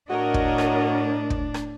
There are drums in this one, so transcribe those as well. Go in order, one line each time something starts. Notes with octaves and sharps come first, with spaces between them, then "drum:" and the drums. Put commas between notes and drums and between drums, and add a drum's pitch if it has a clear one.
A2 D4 F#4 A#4 C#5 D#5
drum: kick
drum: rim click
drum: kick
drum: rim click